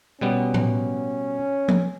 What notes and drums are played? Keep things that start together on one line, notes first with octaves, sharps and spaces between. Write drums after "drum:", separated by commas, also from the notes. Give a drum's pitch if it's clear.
B2 G3 B3 C#4
drum: tom A2
drum: tom F3